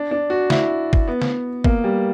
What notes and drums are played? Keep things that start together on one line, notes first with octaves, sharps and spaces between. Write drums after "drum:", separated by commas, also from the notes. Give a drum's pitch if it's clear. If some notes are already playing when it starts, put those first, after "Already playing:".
Already playing: D4
D4
F#4
E4, drum: snare
drum: kick
B3
drum: snare
A#3, drum: kick
G3